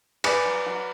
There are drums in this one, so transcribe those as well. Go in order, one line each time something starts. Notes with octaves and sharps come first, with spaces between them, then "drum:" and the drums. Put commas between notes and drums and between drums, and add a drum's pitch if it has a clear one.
G#4 B4 D5, drum: cymbal
F#3
F#3